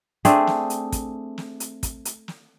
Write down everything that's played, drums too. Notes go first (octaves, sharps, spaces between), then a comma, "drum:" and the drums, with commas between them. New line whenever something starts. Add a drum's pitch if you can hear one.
A3 C4 D4 G#4, drum: hi-hat
drum: snare
drum: hi-hat
drum: kick, hi-hat
drum: snare
drum: hi-hat
drum: kick, hi-hat
drum: hi-hat
drum: snare